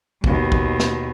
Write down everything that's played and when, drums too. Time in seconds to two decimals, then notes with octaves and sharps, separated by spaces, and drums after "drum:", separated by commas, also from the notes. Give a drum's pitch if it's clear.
0.24 D#2 B2, drum: kick
0.52 drum: kick
0.80 drum: snare